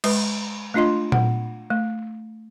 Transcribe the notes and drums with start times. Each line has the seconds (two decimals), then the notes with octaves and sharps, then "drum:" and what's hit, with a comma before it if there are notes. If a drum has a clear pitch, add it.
0.04 G#3 B4, drum: cymbal
0.74 A3 D4 F4 D#5 C6
1.12 F#5, drum: tom A#2
1.70 A3